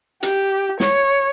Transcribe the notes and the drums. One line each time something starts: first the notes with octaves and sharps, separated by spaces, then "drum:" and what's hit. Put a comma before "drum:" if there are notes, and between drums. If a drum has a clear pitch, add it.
G4, drum: hi-hat
C#5, drum: snare